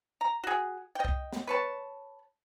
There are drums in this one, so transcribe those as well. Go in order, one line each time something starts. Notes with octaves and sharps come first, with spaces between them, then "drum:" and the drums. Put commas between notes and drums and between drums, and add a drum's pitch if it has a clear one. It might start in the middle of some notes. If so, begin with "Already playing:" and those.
A#5
F#4 G#4
D#5 G5
drum: kick C2
drum: snare
B4 C#5 A5